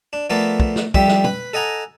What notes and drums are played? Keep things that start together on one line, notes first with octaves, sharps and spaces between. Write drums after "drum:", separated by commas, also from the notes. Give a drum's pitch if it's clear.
D4
F3 A3 B3 A4 A#4 D5
drum: kick
drum: snare
F2 G3 G4 E5, drum: kick
drum: snare
B4 B5, drum: tom
A4 D#5 F#5 G#5 A#5